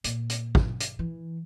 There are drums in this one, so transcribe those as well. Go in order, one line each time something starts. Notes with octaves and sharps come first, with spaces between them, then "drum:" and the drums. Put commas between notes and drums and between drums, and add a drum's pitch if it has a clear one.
A#2, drum: hi-hat
drum: hi-hat
drum: kick
drum: hi-hat
E3